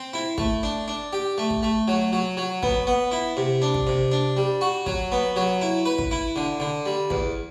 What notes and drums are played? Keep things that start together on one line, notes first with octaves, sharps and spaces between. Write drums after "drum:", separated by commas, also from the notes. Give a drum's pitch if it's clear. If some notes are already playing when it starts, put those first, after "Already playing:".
Already playing: C4
E4
A3, drum: kick
D4
D4
G4
A3
drum: kick
A3
F#3
F#3
F#3
B3, drum: kick
B3
E4
C3
D4
drum: kick
C3
D4
G3
F#4
F#3, drum: kick
B3
F#3
E4
B4
drum: kick
E4
D3
D3
G3
E2, drum: kick